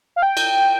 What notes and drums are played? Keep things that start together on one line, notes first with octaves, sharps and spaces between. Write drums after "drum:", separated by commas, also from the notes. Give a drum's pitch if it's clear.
F5
G5
drum: cymbal